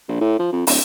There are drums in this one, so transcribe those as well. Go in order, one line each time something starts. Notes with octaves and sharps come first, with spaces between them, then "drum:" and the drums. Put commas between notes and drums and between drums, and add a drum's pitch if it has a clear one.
A#1
A2
F3
F2
D1, drum: open hi-hat